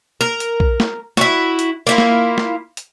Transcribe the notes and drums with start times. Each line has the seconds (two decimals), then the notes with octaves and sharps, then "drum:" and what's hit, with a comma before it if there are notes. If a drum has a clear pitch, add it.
0.21 A#4
0.40 drum: hi-hat
0.60 drum: kick A#1
0.80 drum: snare
1.17 E4 F#4, drum: snare
1.59 drum: hi-hat
1.87 A#3 E4 F4
1.98 drum: snare
2.38 drum: snare
2.77 drum: hi-hat